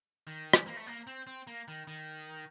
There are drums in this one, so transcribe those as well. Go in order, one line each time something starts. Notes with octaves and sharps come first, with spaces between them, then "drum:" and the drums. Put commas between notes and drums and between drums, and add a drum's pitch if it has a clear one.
D#3
drum: rim click
A#3
A3
A#3
C4
C4
A#3
D#3
D#3